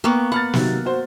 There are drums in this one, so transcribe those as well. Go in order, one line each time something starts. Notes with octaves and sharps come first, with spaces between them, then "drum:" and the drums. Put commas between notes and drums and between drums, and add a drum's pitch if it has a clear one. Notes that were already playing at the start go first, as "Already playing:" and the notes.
A#3 B3 G5 C#6
F#5 B5 F6 A6
C3 D#3 F#3, drum: snare
F#4 C5